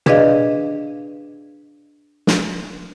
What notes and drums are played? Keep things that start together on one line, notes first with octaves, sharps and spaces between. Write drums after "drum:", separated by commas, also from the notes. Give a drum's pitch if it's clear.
D4 G#4 B4 D5 D#5 F5, drum: tom
drum: snare